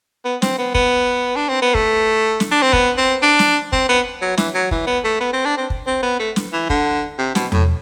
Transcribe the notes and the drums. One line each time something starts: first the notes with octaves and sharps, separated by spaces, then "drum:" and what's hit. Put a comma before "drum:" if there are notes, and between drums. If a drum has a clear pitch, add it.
B3
C4, drum: snare
B3
B3, drum: kick
D4
C4
B3
A3, drum: kick
drum: snare
D4
C4
B3, drum: kick
C4
D4
drum: snare
C4, drum: kick
B3
F#3
E3, drum: snare
F#3
E3, drum: kick
B3
A3
B3
C4
D4
C4
drum: kick
C4
B3
A3
drum: snare
E3
D3, drum: kick
C3
B2, drum: snare
A2, drum: tom E2